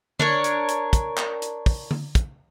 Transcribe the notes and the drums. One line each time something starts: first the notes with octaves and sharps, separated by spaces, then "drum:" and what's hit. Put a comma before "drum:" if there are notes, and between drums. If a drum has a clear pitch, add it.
D4 A#4 C#5, drum: tom D3
drum: hi-hat
drum: hi-hat
drum: kick, hi-hat
drum: clap
drum: hi-hat
drum: kick, open hi-hat
drum: tom D3
drum: kick, hi-hat